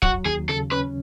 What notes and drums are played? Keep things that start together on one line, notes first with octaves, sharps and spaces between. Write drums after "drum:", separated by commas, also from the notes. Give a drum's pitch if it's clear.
F#3 F#4, drum: kick
D#2 G#4
C#3 A4
C#4 B4